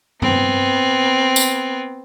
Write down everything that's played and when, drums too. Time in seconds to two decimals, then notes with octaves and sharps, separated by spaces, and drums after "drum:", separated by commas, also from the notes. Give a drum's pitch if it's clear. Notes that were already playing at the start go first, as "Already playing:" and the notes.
0.22 B3 C4, drum: tom G2
1.36 drum: tambourine